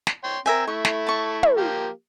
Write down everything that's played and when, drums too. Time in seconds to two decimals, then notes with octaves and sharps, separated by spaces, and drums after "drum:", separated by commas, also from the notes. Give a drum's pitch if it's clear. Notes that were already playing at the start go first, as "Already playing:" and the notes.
0.07 drum: snare
0.24 C#5 G5 C6
0.46 C4 A#4 E5 G#5
0.68 A3 E4 C#6
0.85 drum: snare
1.07 A5 C#6
1.43 drum: tom
1.57 F3 A#3 G4